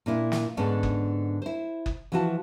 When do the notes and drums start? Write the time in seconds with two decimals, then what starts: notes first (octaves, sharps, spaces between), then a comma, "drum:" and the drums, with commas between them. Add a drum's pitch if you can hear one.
0.06 A#2 A#3 D4 E4
0.32 drum: snare
0.57 G#2 D3 B3 C#4 D4
0.83 drum: kick F#1
1.42 E4 C5
1.86 drum: kick F#1
2.12 E3 F3 E4 F#4 A5